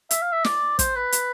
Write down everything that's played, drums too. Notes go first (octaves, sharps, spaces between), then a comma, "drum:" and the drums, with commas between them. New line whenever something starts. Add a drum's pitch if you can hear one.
E5, drum: hi-hat
F5
E5
D5, drum: snare
C5, drum: kick, hi-hat
B4
drum: hi-hat